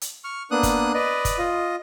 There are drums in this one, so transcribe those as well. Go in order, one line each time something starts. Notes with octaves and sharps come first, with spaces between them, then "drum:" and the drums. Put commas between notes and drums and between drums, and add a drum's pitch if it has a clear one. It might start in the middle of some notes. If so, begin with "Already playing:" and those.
drum: hi-hat
C#6 F6
A#3 B3 D4 D#6 F#6
drum: kick, hi-hat
B4 D5 D#5
drum: kick, hi-hat
F4 D#5